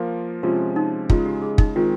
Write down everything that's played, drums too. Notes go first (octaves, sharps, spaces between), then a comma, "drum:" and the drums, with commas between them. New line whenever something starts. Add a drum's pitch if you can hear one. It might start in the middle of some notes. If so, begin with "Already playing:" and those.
Already playing: F3 A#3 F4 A#4
C3 F3 G#3 C#4 F4
D#4
C#3 G#3 D#4 F4, drum: kick
G4
G#4
D#4, drum: kick
D#3 G#3 C4 F4